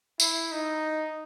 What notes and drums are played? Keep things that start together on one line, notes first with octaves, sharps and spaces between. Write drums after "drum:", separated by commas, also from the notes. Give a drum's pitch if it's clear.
E4, drum: tambourine
D#4